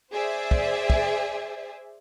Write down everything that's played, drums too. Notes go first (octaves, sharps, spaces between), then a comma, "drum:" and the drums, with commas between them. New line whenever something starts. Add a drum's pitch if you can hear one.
G#4 C5 D5 E5
drum: kick
drum: kick